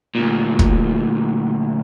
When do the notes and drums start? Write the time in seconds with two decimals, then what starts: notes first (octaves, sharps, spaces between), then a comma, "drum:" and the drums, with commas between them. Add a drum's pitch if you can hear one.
0.15 D2 A#2
0.59 drum: kick